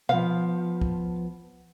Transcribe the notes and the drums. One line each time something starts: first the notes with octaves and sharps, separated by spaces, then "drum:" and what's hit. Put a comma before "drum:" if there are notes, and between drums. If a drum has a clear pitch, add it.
F3 B3 F5, drum: tom B2
drum: kick C2